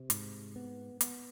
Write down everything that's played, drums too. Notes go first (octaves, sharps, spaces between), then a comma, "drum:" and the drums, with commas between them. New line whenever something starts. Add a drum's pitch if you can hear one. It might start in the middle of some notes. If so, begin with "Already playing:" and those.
Already playing: C3
G#2, drum: hi-hat
B3
B3, drum: hi-hat